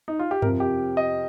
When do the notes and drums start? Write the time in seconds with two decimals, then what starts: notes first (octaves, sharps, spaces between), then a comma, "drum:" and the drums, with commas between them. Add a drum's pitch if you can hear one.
0.08 D#4
0.19 F4
0.31 G4
0.42 F2 C3 F3 A#4, drum: tom G2
0.60 G4
0.97 D#5